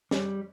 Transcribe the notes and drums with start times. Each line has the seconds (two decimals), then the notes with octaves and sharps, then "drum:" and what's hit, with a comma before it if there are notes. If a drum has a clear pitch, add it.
0.11 G3, drum: snare